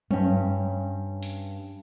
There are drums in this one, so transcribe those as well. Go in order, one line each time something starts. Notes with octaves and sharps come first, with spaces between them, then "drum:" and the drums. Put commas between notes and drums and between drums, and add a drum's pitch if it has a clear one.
G2 C#4, drum: tom F#3
drum: open hi-hat